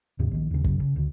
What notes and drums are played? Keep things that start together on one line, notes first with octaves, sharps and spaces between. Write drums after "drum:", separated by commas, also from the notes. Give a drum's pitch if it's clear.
D#2 G#2 C3
A#1 D#3
D#2 C#3
F#2 C#3, drum: kick
C#3
D2 D3